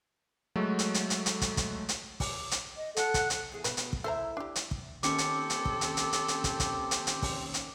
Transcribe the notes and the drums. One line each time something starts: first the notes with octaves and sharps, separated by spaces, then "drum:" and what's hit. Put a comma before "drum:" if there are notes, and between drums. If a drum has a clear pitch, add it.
F#3 G#3 A3 F#4
drum: hi-hat
drum: hi-hat
drum: hi-hat
drum: hi-hat
drum: kick, hi-hat
drum: kick, hi-hat
drum: hi-hat
D6, drum: kick, open hi-hat
drum: hi-hat
D#5
A4 F#5 F#6, drum: hi-hat
drum: kick, hi-hat
drum: hi-hat
E2 G#4
B2 B4, drum: hi-hat
drum: hi-hat
drum: kick
E4 A4 C5 A#5
D4 G4
drum: hi-hat
drum: kick
D#3 A#3 C4 C#4 G4 A4 D6 C#7, drum: hi-hat
drum: hi-hat
drum: hi-hat
drum: kick
drum: hi-hat
drum: hi-hat
drum: hi-hat
drum: hi-hat
drum: kick, hi-hat
drum: kick, hi-hat
drum: hi-hat
drum: hi-hat
drum: kick, open hi-hat
drum: hi-hat